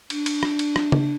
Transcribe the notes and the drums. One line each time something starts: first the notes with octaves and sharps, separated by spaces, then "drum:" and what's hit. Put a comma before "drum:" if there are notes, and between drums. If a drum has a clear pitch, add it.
D4, drum: cymbal
drum: cymbal
drum: rim click
drum: cymbal
drum: rim click
drum: tom C#3